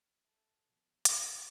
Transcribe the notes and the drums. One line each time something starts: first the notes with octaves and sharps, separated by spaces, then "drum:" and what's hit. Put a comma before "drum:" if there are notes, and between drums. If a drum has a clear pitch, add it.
A4 E5
B2 F3
A#5, drum: hi-hat